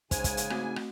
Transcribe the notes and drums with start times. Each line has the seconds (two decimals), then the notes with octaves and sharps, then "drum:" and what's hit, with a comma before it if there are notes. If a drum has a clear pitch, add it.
0.11 G#2 C#3 C5 G#5, drum: kick, hi-hat
0.24 drum: kick, hi-hat
0.37 drum: hi-hat
0.50 A3 C4 F#4, drum: rim click
0.76 drum: rim click